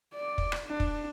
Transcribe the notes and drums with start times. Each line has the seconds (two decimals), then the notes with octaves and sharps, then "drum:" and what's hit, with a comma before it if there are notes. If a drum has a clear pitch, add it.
0.14 D5
0.38 drum: kick
0.52 drum: rim click
0.66 D4
0.80 drum: kick